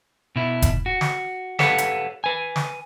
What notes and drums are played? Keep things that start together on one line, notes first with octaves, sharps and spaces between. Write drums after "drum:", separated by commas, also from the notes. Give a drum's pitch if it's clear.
B2 E4
drum: kick E1, hi-hat
F#4
drum: snare
G4 A4 B4 C#5 F5 F#5, drum: snare
drum: hi-hat
B4 G#5
drum: snare